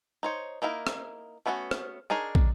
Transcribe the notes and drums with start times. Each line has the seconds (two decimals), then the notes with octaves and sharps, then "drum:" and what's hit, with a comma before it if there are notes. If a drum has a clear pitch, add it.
0.23 D#4 C5 C#5
0.62 A#3 D#4 E4 G#4 A#4
0.87 drum: rim click
1.46 A3 B3 C#4 F4 F#4
1.71 drum: rim click
2.10 D4 D#4 G#4 A#4 C#5
2.35 drum: kick